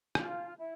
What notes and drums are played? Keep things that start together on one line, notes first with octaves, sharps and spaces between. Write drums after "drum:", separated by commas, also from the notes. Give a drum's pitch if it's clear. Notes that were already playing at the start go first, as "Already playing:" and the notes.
F4, drum: rim click
E4